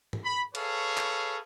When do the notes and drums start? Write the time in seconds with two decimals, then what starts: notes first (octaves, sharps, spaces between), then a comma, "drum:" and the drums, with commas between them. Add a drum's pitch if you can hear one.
0.13 drum: tom G#2
0.24 B5
0.55 G#4 A4 B4 C#5 F5 C#6, drum: cymbal
0.97 drum: clap